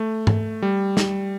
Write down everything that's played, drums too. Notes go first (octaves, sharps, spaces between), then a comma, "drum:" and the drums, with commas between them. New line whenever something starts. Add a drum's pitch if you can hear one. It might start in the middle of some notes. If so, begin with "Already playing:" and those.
Already playing: A3
drum: tom G#2
G3
drum: snare